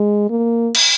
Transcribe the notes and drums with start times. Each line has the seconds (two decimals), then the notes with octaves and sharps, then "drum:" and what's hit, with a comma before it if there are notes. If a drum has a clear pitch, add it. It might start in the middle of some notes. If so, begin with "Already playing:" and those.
Already playing: G#3
0.30 A#3
0.75 drum: cymbal